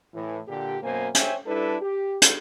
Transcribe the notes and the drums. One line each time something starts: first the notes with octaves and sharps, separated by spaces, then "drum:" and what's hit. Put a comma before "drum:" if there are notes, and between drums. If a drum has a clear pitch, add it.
A2 E3
A#2 D3 G4
F#2 B2 A#3 C5 G#5
C5 C#5 E5 G5 G#5, drum: hi-hat
G3 D4 E4 A4 B4
G4
drum: hi-hat